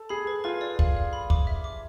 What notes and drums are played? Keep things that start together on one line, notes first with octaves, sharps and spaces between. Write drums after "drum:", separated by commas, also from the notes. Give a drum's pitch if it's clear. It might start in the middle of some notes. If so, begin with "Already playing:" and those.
Already playing: A4
G#4 B5
B4
F4 B4
D5
F5, drum: kick
F5
B5
D6, drum: kick
E5
D6